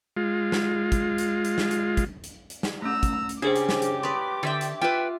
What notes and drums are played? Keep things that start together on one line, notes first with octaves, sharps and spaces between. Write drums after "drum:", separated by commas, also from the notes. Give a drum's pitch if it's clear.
G#3 F4
drum: snare
drum: kick, hi-hat
drum: hi-hat
drum: hi-hat
drum: snare
drum: hi-hat
drum: kick, hi-hat
drum: hi-hat
drum: hi-hat
drum: snare
A3 C#4 A#5 E6
drum: kick, hi-hat
drum: hi-hat
C#3 D4 G4 G#4 C5 D6
drum: hi-hat
drum: snare
drum: hi-hat
B4 D5 C6 C#6 D#6
D3 D5 E5 G5
drum: hi-hat
F4 B4 E5 F#5 G5